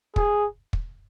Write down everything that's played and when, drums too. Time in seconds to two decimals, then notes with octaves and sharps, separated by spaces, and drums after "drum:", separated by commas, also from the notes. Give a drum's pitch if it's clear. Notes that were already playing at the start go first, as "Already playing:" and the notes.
0.16 G#4, drum: kick
0.73 drum: kick